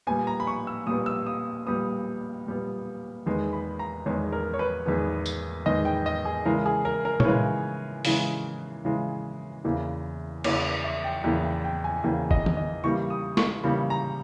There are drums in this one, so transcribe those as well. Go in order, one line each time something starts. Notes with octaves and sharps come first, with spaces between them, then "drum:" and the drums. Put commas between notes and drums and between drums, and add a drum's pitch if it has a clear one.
A#2 G3 B3 G#5
A#5
B5
C#6
E6
A#2 G3 B3 D#6
E6
D#6
A#2 G3 B3 D#6
A#2 G3 B3
E2 D#3 G#3 B3
B5
A#5
E2 D#3 G#3 B3 C#5
A#4
C#5
B4
E2 D#3 G#3 B3
drum: tambourine
E2 D#3 G#3 B3 D#5
G5
D#5
G#4
C#3 E3 G#3 A#4
G#4
A#4
A#4
C#5, drum: tom A#2
C#3 E3 G#3 B4
C#3 E3 G#3, drum: open hi-hat
C#3 E3 G#3
E2 C#3 E3 A#3
E2 C#3 E3 A#3 C#5, drum: cymbal
E5
G5
E2 C#3 E3 A#3 G5
G5
G5
G#5
E2 C#3 E3 A#3 G5
D#5, drum: kick
drum: tom D#3
D#5
C#3 E3 G3 A#3 C#6
D#6
C#6, drum: snare
C#3 E3 G3 A#3 B5
A#5